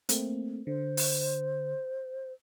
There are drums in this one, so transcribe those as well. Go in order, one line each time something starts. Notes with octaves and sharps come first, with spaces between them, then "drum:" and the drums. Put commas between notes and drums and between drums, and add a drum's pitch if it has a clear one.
A3 A#3 C4, drum: hi-hat
D3 C5
drum: open hi-hat